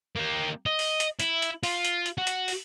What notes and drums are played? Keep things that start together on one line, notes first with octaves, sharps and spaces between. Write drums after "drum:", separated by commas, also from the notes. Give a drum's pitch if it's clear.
A#3 G4
D#5
drum: open hi-hat
drum: hi-hat
E4, drum: hi-hat
drum: hi-hat
F4, drum: open hi-hat
drum: hi-hat
drum: hi-hat
F#4
drum: hi-hat
drum: open hi-hat